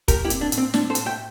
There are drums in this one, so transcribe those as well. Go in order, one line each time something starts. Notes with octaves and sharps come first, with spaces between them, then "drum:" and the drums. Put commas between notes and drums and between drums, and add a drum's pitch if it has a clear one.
A2 G4 A#4, drum: kick, hi-hat
E4 G4
C4, drum: hi-hat
D4
A2, drum: hi-hat
C4
C4 D4, drum: snare
A4 C5
A2, drum: hi-hat
E5 G5